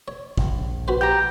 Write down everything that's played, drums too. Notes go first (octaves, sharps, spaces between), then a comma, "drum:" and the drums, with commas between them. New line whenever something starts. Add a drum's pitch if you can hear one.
C#5
A#1, drum: kick
F#4 B4 C5
G4 A#5 G6